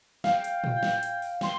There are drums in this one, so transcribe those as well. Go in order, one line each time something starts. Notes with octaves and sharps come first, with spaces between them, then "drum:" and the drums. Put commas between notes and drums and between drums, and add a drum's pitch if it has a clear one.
F5 G5, drum: snare
drum: hi-hat
drum: tom
F5, drum: snare
drum: hi-hat
drum: open hi-hat
G5 C6, drum: snare